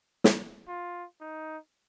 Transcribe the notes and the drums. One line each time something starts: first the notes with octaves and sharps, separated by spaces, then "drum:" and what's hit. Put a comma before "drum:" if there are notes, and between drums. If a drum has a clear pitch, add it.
drum: snare
F4
D#4